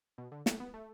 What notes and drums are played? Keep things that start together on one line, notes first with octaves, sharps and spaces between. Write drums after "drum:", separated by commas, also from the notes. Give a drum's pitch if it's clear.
B2
D3
A3, drum: snare
B3
A3